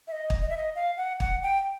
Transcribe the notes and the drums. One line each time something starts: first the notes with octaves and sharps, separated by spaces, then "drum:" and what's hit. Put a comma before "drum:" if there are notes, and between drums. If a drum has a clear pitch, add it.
E5
D#5
drum: kick
D#5
E5
D#5
F5
F#5
F#5, drum: kick
G5